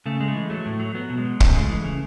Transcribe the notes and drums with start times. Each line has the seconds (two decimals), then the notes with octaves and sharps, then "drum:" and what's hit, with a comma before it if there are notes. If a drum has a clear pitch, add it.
0.06 C#3 A3
0.20 G#3
0.28 A3
0.35 E3
0.50 F#3 A3
0.66 A2
0.80 F#3
0.95 F#3 B3
1.10 B2
1.18 G#3
1.25 F#3
1.40 C#3 A3, drum: kick
1.55 G#3
1.69 E3
1.84 C#3